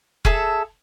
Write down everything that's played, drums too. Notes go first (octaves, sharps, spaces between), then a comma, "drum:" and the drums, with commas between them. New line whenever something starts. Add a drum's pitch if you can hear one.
G#4 A4 E5 A5, drum: kick F1